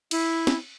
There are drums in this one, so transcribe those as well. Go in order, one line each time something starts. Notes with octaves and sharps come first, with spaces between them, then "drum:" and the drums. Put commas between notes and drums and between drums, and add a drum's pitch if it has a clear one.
E4, drum: cymbal
drum: snare